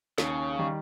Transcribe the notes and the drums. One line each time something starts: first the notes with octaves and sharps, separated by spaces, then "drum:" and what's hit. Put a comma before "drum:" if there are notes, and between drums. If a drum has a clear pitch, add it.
D#2 C#3, drum: snare
D#3 G3